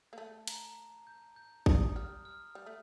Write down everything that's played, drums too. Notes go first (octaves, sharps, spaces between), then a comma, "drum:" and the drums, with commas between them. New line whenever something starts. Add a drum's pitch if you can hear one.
A#3
A3 A5
A#5, drum: hi-hat
G6
G6
D#6, drum: kick A1
G3 F6
F6
G3
A3